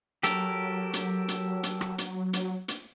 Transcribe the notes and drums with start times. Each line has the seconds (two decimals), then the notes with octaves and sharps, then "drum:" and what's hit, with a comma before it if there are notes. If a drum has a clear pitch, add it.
0.23 F#3 G4 A4 A#4, drum: hi-hat
0.93 drum: hi-hat
1.28 drum: hi-hat
1.63 drum: hi-hat
1.81 drum: rim click
1.98 drum: hi-hat
2.33 drum: hi-hat
2.68 drum: hi-hat